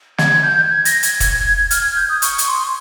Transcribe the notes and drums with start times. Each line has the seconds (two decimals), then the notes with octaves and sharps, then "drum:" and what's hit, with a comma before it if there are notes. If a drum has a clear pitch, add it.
0.18 G#6, drum: snare
0.43 G6
0.69 G#6
0.85 A#6, drum: hi-hat
1.03 G#6, drum: hi-hat
1.20 G#6, drum: kick, hi-hat
1.33 G#6
1.46 G#6
1.58 G#6
1.71 F6, drum: hi-hat
1.84 G#6
1.96 G6
2.09 D#6
2.22 C#6, drum: hi-hat
2.38 drum: hi-hat
2.47 C6